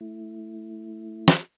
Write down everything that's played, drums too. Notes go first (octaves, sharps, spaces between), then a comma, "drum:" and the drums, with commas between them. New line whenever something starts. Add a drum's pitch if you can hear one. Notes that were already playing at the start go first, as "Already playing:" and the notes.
A3 E4
drum: snare